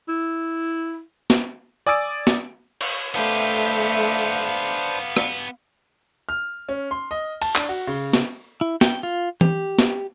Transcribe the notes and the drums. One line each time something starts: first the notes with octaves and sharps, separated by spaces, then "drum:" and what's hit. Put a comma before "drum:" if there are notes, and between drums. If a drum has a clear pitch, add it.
E4
drum: snare
D5 G#5 D#6 E6 A6 D7
drum: snare
drum: cymbal
A3 B3 D4 G4 B4 C5 E5 F5
drum: hi-hat
drum: rim click
F6
C#4
C6
D#5
A5, drum: cymbal
D4, drum: clap
F#4
C#3
drum: snare
E4
G5, drum: snare
F4
G4, drum: tom
drum: snare